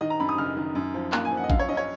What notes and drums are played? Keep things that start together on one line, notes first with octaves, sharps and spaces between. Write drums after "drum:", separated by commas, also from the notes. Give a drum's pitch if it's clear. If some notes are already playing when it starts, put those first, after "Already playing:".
D#3 D#5
A#5
F#2 B5
D#6
F#1 F6
D#3
F#2
F3
A#3 F#6, drum: clap
G#5
F3
F#5
D#5
F#2 F5, drum: kick
C#5
C#4 D#5
C#5